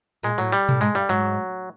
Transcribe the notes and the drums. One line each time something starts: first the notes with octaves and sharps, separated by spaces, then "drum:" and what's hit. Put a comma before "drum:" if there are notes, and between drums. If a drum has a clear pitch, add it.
A#2 G#3
A2 F#3
G3
A2, drum: tom B2
G#2 G#3
G2 G3
G#2 F#3